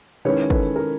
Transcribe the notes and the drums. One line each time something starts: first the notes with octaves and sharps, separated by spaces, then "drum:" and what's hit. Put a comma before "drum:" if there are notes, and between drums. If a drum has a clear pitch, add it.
D#3 G#3 C#4 E4 B4 C#5
A4 B4, drum: kick
A#4